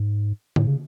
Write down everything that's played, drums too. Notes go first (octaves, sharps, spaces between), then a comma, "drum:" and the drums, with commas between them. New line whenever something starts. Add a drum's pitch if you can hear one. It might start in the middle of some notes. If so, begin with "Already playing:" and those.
Already playing: G#2
A2, drum: tom D3
C#3